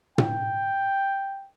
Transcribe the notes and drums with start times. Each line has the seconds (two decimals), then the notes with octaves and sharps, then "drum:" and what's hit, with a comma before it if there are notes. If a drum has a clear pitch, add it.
0.18 G5, drum: tom